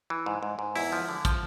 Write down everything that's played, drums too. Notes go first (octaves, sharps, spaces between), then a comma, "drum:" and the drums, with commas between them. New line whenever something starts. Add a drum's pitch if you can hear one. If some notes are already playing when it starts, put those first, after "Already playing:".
E3
G#2
G#2
G#2
E2 E4, drum: open hi-hat
F3
D3
F3, drum: kick, hi-hat